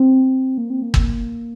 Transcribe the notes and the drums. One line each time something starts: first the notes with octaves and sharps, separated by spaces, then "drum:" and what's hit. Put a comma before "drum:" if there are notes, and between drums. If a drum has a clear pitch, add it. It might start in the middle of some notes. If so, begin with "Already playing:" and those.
Already playing: C4
A#3
C4
A#3
drum: kick